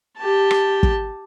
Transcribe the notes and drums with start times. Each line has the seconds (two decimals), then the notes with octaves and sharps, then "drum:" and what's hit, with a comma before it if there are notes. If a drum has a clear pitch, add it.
0.18 G4 A5
0.51 drum: rim click
0.83 drum: kick